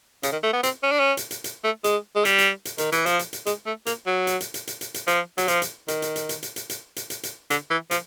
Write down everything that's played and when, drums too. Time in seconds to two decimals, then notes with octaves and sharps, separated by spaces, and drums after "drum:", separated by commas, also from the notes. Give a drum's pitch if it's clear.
0.23 C#3, drum: hi-hat
0.32 D#3
0.43 A3
0.53 B3
0.63 C4, drum: hi-hat
0.83 C#4
0.92 D4
1.00 C#4
1.17 drum: hi-hat
1.31 drum: hi-hat
1.44 drum: hi-hat
1.64 A3
1.84 G#3, drum: hi-hat
2.16 G#3
2.25 G3, drum: hi-hat
2.38 drum: hi-hat
2.65 drum: hi-hat
2.78 D#3, drum: hi-hat
2.92 E3, drum: hi-hat
3.06 F3, drum: hi-hat
3.19 drum: hi-hat
3.33 drum: hi-hat
3.46 G#3, drum: hi-hat
3.66 A3
3.86 A#3, drum: hi-hat
4.07 F#3
4.27 drum: hi-hat
4.40 drum: hi-hat
4.54 drum: hi-hat
4.67 drum: hi-hat
4.81 drum: hi-hat
4.94 drum: hi-hat
5.08 F3, drum: hi-hat
5.38 F#3, drum: hi-hat
5.48 F3, drum: hi-hat
5.62 drum: hi-hat
5.88 D#3, drum: hi-hat
6.02 drum: hi-hat
6.16 drum: hi-hat
6.29 drum: hi-hat
6.43 drum: hi-hat
6.56 drum: hi-hat
6.70 drum: hi-hat
6.96 drum: hi-hat
7.10 drum: hi-hat
7.23 drum: hi-hat
7.50 D3, drum: hi-hat
7.71 E3
7.91 F3, drum: hi-hat